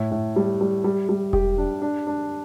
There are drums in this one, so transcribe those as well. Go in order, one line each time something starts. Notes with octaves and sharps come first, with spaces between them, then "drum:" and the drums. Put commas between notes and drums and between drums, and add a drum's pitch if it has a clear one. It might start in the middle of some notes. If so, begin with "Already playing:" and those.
Already playing: A2
A2
G3
G3
G3
G3
G4, drum: kick E1
D4
D4
D4